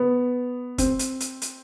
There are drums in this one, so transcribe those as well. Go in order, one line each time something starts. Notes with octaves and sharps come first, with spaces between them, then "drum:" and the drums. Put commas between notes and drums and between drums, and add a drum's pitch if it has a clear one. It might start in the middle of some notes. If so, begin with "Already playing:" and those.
Already playing: B3
C4, drum: kick, hi-hat
drum: hi-hat
drum: hi-hat
drum: hi-hat